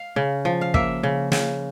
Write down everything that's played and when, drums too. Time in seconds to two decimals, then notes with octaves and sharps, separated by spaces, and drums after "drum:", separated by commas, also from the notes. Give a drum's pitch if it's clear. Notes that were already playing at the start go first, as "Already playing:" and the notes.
Already playing: F5
0.16 C#3
0.45 F3
0.61 F5
0.74 A#3 E5, drum: kick
1.03 C#3
1.32 C#3, drum: snare